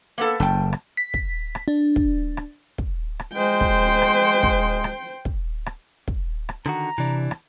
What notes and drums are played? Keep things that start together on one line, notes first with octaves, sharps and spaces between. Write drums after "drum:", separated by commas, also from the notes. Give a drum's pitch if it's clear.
A#3 B3 A4
F#1 G5 A5
drum: rim click
B6
drum: kick
drum: rim click
D4
drum: kick
drum: rim click
drum: kick
drum: rim click
G#3 C5 G5
drum: kick
drum: rim click
drum: kick
drum: rim click
drum: kick
drum: rim click
drum: kick
drum: rim click
D3 D#3 F#4 A#5
C3 E3 D4
drum: rim click